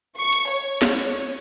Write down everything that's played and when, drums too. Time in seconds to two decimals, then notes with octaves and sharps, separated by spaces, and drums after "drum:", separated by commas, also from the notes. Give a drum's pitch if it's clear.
0.18 C#6
0.32 drum: hi-hat
0.50 C#5
0.82 drum: snare